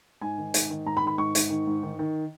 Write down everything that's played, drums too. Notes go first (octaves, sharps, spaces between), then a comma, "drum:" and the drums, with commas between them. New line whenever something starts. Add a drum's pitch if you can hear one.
G#2 G#5
D#3
G#2, drum: hi-hat
D#3
G#2 A#5
B5
D#3
B5
G#2 C#6
G#2, drum: hi-hat
D#3
G#2
D#3
D#3